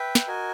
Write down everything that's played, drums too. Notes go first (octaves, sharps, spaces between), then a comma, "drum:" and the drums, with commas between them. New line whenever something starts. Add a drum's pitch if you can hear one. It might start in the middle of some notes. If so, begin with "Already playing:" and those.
Already playing: B4 E5 G5
drum: snare
F#4 A#4 D#5 G#5